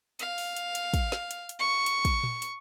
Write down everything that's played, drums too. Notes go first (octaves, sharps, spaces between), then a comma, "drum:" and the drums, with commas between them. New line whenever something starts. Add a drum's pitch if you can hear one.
F5, drum: hi-hat
drum: open hi-hat
drum: hi-hat
drum: hi-hat
drum: kick, hi-hat
drum: snare
drum: hi-hat
drum: hi-hat
C#6
drum: hi-hat
drum: kick, hi-hat
drum: tom A#2
drum: hi-hat